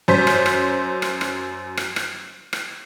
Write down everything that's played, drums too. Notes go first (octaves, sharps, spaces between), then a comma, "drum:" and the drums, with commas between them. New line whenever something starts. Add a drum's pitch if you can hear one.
F#2 C5 B6
drum: rim click
drum: rim click
drum: rim click
drum: rim click
drum: rim click
drum: rim click
drum: rim click